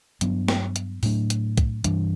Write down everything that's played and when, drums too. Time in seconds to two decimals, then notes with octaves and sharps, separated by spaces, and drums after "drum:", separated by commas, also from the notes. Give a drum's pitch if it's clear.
0.21 G2 F#3 B3 D4, drum: hi-hat
0.48 drum: snare
0.76 drum: hi-hat
1.03 A2 F#3 A3 D4, drum: open hi-hat
1.30 drum: hi-hat
1.57 drum: kick, hi-hat
1.84 G2 E3 G3 D4, drum: hi-hat